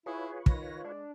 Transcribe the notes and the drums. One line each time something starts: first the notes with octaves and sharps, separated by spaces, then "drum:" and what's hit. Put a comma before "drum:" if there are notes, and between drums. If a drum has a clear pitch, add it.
E4 F4 G#4 B4 C#5
D#3 A#6, drum: kick
G#3 D4